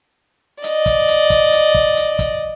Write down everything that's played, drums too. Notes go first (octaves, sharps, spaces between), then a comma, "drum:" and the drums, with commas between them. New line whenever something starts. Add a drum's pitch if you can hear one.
D5 D#5, drum: hi-hat
drum: kick, hi-hat
drum: hi-hat
drum: kick, hi-hat
drum: hi-hat
drum: kick
drum: hi-hat
drum: kick, hi-hat